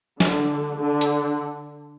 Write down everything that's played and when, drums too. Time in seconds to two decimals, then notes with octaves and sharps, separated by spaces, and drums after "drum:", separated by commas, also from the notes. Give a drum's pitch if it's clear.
0.20 D3, drum: snare
0.77 D3
1.01 drum: hi-hat